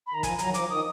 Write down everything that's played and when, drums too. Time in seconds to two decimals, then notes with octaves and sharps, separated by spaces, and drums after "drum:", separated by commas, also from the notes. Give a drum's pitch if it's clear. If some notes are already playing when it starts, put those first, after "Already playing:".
0.07 B5
0.14 D#3 A#5
0.23 F3 G#5, drum: kick, hi-hat
0.39 F#3 A#5, drum: hi-hat
0.49 D#3
0.54 F3 D6, drum: hi-hat
0.69 D#3 D#6